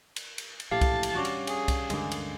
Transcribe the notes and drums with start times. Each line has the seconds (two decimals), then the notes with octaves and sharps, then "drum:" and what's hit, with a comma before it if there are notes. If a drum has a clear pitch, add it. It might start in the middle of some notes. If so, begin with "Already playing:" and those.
0.16 drum: cymbal
0.38 drum: cymbal
0.60 drum: cymbal
0.71 A#1 A2 A3 G4 F5 A5
0.81 drum: kick, cymbal
1.03 drum: cymbal
1.14 G3 C#4 D4 F#4
1.25 drum: cymbal
1.47 G#4, drum: cymbal
1.68 drum: kick, cymbal
1.90 D2 G2 D3 G#3 A#3, drum: cymbal
2.12 drum: cymbal